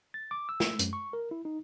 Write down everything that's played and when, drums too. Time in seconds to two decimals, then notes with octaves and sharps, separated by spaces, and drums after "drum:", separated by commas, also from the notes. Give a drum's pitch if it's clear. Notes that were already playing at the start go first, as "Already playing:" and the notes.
0.14 A6
0.31 D6
0.49 E6
0.60 drum: snare
0.79 F#2, drum: hi-hat
0.93 C#6
1.13 A#4
1.31 E4
1.45 D#4